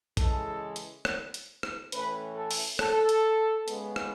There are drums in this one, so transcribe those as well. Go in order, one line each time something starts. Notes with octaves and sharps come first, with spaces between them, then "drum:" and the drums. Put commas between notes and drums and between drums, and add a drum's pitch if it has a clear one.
C#3 E3 G#3 A4, drum: kick, hi-hat
drum: hi-hat
drum: rim click
drum: hi-hat
drum: rim click
A2 E3 A3 C#4 B4, drum: hi-hat
A4
drum: open hi-hat
A4, drum: rim click
drum: hi-hat
C#3 G#3 B3, drum: hi-hat
drum: rim click